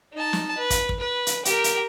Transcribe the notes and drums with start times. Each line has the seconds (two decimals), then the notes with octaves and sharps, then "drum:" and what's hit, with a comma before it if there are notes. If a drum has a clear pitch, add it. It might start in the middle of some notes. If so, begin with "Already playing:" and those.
0.13 D#4 A5
0.33 drum: snare
0.58 B4
0.70 drum: kick, hi-hat
0.89 drum: kick
0.99 B4
1.27 drum: hi-hat
1.45 G4 A#4, drum: hi-hat
1.64 drum: hi-hat